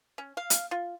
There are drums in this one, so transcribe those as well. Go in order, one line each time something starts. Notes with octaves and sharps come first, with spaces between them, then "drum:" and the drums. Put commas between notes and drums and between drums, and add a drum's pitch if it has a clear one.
C#4
F5
drum: hi-hat
F4